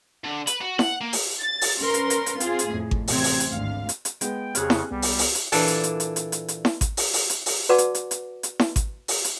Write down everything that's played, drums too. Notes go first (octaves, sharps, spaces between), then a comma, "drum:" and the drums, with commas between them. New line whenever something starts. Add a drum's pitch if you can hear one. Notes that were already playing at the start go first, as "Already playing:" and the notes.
D3
B4, drum: hi-hat
F#4
F#5, drum: snare E4
A#3
drum: open hi-hat
A6
drum: open hi-hat
C#4 A#4 B4 C6
drum: hi-hat
drum: hi-hat
drum: hi-hat
C4 F4 G#4, drum: hi-hat
drum: hi-hat
F2 A2
drum: kick G#1
A1 C3 C4 G#6, drum: open hi-hat
drum: open hi-hat
drum: hi-hat
G#1 D2 F5
drum: hi-hat
drum: hi-hat
G#3 B3 G5, drum: hi-hat
F2 C#3 G4 G#4 C#5 F6 F#6, drum: hi-hat
drum: snare E4
C2 G3 B3
drum: open hi-hat
drum: open hi-hat
drum: hi-hat
A#2 E3 D4 A4 D5, drum: open hi-hat
drum: hi-hat
drum: hi-hat
drum: hi-hat
drum: hi-hat
drum: hi-hat
drum: hi-hat
drum: snare E4
drum: kick G#1, hi-hat
drum: open hi-hat
drum: open hi-hat
drum: hi-hat
drum: open hi-hat
F#4 B4 D5 F#5 A5 D6
drum: hi-hat
drum: hi-hat
drum: hi-hat
drum: hi-hat
drum: snare E4
drum: kick G#1, hi-hat
drum: open hi-hat
drum: hi-hat